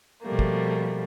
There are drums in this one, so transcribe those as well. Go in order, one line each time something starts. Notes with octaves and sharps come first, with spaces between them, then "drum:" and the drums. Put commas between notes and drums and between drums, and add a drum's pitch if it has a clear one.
B2 F3 G3 A3 A#3
drum: kick